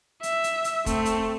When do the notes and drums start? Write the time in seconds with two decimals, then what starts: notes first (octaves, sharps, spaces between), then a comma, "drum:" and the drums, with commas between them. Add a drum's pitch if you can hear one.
0.23 E5, drum: hi-hat
0.44 drum: hi-hat
0.64 drum: hi-hat
0.86 A3 C4, drum: kick, hi-hat
1.05 drum: hi-hat